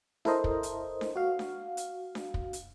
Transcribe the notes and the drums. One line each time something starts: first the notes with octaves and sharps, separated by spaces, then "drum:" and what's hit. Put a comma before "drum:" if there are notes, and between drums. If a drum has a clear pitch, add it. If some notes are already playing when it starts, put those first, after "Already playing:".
E4 A4 A#4 C5 D#5, drum: snare D4
drum: kick
drum: hi-hat
drum: snare D4
F#4 F5
drum: snare D4
drum: hi-hat
drum: snare D4
drum: kick
drum: hi-hat